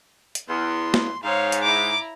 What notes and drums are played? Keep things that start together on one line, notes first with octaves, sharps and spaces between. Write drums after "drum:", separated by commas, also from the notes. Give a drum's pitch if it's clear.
drum: hi-hat
E2 C6
drum: snare
G#2 C#5 F5
drum: hi-hat
E4 A#5 D6